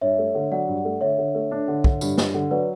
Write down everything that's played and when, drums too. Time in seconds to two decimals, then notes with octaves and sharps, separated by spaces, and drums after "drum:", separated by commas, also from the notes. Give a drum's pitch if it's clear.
0.01 G2 C#5 E5
0.18 A3
0.35 D3
0.52 F#3 D5 F#5
0.68 G2
0.85 A3
1.01 D3 C#5 E5
1.18 D3
1.35 A3
1.51 D4
1.68 D3
1.84 D3, drum: kick
2.01 G2, drum: tambourine
2.18 G2, drum: snare
2.34 D3
2.51 F#3 B4 D5